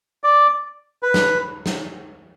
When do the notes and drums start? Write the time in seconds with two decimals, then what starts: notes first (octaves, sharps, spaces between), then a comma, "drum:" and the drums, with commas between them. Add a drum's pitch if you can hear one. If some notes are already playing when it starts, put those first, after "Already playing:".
0.24 D5
1.03 B4
1.14 drum: snare
1.66 drum: snare